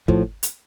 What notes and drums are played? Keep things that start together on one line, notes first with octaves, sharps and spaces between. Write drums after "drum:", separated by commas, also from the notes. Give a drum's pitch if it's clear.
A2 F3, drum: kick
drum: hi-hat